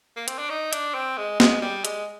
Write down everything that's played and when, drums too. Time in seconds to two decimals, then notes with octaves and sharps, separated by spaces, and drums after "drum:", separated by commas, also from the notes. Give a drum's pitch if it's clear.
0.17 A#3
0.28 C4, drum: hi-hat
0.38 D4
0.50 D#4
0.73 D4, drum: hi-hat
0.94 C4
1.18 G#3
1.40 G#3, drum: snare
1.62 G3
1.85 G#3, drum: hi-hat